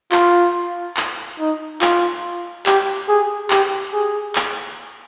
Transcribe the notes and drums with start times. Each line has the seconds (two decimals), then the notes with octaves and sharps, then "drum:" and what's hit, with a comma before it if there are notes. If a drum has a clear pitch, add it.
0.12 F4, drum: clap
0.97 drum: clap
1.39 D#4
1.81 F4, drum: clap
2.66 G4, drum: clap
3.08 G#4
3.50 G4, drum: clap
3.93 G#4
4.36 drum: clap